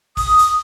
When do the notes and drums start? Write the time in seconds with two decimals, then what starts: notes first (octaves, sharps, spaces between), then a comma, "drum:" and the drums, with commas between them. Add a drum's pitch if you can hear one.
0.17 D#6, drum: kick, open hi-hat
0.39 drum: hi-hat